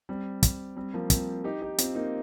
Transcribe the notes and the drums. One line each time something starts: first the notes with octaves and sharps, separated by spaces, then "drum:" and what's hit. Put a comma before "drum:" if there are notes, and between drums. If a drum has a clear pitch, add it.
G3 C4
drum: kick, hi-hat
G3 C4
F3 A#3
G3 C4, drum: kick, hi-hat
D#4 G4
D#4 G4
C4 F4, drum: hi-hat
A#3 D#4